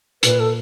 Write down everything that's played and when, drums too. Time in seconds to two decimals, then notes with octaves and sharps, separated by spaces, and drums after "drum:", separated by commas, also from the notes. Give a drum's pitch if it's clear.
0.23 A#2 B4, drum: hi-hat
0.40 A4